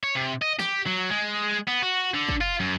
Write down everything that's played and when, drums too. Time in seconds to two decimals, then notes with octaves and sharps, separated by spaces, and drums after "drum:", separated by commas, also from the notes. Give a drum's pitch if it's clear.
0.04 C#5
0.15 C3
0.42 D#5
0.59 G4, drum: snare
0.86 F#3
1.10 G#3
1.67 B3
1.82 F#4
2.14 D3
2.29 drum: kick
2.41 F4
2.60 F#2